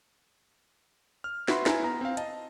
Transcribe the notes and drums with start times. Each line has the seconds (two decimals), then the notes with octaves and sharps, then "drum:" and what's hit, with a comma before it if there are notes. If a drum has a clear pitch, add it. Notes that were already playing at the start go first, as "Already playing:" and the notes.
1.24 F6
1.48 F#4 B4 E5 B5 C6, drum: snare
1.66 E4 B4 G#5 A#5, drum: snare
1.83 B3 A#5
2.01 C4 F5
2.17 D#5 A5, drum: hi-hat